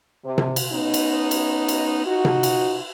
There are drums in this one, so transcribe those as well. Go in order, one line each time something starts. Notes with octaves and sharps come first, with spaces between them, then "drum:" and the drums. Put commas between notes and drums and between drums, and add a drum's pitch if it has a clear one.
C3
drum: tom C3
drum: cymbal
B3 C#4 D#4
drum: cymbal
drum: cymbal
drum: cymbal
D#4 F4 F#4
drum: tom C3
drum: cymbal